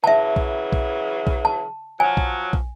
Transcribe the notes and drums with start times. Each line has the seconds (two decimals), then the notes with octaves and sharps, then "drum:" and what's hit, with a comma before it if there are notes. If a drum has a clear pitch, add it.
0.04 C#3 E3 F#3 E5 A5
0.36 drum: kick
0.72 drum: kick
1.27 drum: kick
1.45 A5
2.00 F3 F#3 G#5
2.17 drum: kick
2.53 drum: kick